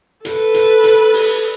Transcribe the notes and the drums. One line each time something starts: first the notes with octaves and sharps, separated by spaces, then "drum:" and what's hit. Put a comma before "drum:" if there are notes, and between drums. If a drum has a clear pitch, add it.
A4 B4, drum: hi-hat
drum: hi-hat
drum: hi-hat
drum: open hi-hat